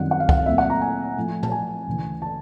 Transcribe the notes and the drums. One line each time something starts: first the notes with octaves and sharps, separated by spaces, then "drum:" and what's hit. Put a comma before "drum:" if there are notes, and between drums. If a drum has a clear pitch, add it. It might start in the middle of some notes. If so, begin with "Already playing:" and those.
Already playing: F#2 D#3 G3 C4 E4 F#5
F#5
F5
F#5, drum: kick
F5
A#2 F#3 A3 C4 E5
F#5
A#5
G#5
A2 F3 A3
A5, drum: tom A#2
G#5
D2 C#3 E3
A5